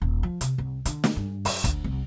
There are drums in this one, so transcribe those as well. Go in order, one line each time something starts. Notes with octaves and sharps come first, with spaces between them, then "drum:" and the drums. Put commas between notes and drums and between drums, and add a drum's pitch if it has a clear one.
D#1
F3
C3, drum: hi-hat
C2
D3, drum: hi-hat
drum: snare
G2
F#2, drum: open hi-hat
D2, drum: kick, hi-hat
C2